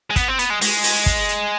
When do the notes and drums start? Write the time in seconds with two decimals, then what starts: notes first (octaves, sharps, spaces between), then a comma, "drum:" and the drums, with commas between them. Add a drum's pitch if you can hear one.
0.10 G#3
0.16 B3, drum: kick, hi-hat
0.28 C4
0.39 B3, drum: hi-hat
0.50 G#3
0.61 G#3, drum: open hi-hat
0.84 drum: open hi-hat
1.06 drum: kick, hi-hat
1.29 drum: hi-hat